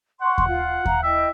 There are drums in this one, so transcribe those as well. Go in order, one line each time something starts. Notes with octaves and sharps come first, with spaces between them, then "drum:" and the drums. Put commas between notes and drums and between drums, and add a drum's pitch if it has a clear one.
F#5 C6 C#6
drum: kick D#2
F4
F5 A#5, drum: kick D#2
E4 D#5 E5 G5